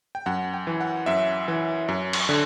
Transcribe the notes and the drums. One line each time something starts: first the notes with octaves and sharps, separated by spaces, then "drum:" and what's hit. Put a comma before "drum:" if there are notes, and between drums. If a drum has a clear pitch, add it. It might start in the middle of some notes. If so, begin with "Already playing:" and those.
G5
F#2 F#5
G5
E3
F#5
F#2 E5
E3
F#2
drum: cymbal
D3